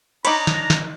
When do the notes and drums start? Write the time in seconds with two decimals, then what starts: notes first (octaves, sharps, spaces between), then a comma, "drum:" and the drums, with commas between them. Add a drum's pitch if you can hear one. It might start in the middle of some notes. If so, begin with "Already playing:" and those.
0.25 D4 D#4 C#5 A#5 B5 D6, drum: cymbal
0.47 drum: snare
0.70 drum: snare